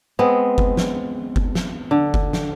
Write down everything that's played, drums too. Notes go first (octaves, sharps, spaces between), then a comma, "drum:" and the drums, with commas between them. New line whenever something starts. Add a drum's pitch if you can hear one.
G#3 B3 C4
drum: kick F#1
drum: snare
drum: kick F#1
drum: snare
D3
drum: kick F#1
drum: snare